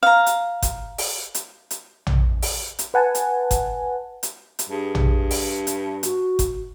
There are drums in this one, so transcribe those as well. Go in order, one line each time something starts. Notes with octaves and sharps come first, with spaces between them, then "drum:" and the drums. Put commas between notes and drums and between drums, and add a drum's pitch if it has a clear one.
F5 A#5
drum: hi-hat
drum: kick F#1, hi-hat
drum: open hi-hat
drum: hi-hat
drum: hi-hat
drum: tom
drum: open hi-hat
drum: hi-hat
B4 F#5 G#5 A5
drum: hi-hat
drum: kick F#1, hi-hat
drum: hi-hat
drum: hi-hat
G2 G#4
drum: tom
drum: open hi-hat
drum: hi-hat
F#4, drum: hi-hat
drum: kick F#1, hi-hat